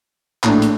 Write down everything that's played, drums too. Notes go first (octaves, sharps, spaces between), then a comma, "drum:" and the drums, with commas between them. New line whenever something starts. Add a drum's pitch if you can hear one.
A#1 A2 A3 D4, drum: clap
drum: hi-hat